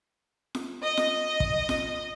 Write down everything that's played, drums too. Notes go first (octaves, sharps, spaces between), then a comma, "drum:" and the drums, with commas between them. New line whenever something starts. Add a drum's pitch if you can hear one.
drum: snare
D#5
drum: snare
drum: kick
drum: snare